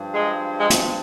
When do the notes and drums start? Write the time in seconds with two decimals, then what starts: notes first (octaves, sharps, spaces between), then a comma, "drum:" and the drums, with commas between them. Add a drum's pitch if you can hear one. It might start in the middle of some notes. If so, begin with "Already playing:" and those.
Already playing: G2 F3
0.14 G#3
0.59 G#3
0.70 drum: hi-hat